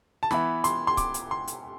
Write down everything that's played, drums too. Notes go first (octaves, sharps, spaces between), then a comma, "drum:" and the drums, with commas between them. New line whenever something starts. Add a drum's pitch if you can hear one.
A5
E3 B3 E4 B5, drum: snare
C6, drum: hi-hat
C6
D6, drum: kick C#1, hi-hat
drum: hi-hat
C6
drum: hi-hat